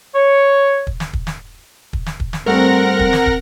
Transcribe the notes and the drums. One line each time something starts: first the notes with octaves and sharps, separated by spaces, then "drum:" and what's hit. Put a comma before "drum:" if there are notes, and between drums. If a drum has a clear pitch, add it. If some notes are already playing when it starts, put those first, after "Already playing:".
C#5
drum: kick
drum: snare
drum: kick
drum: snare
drum: kick
drum: snare
drum: kick
drum: snare
G2 A3 C4 A#4 F#5 A#6
drum: kick
drum: snare
drum: kick